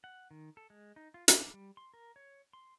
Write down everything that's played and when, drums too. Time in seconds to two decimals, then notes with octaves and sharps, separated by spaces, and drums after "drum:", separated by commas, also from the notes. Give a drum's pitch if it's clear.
0.04 F#5
0.31 D#3
0.57 A4
0.70 G#3
0.96 D#4
1.14 F4
1.28 D6, drum: hi-hat
1.54 G3
1.77 C6
1.94 A#4
2.16 C#5
2.53 C6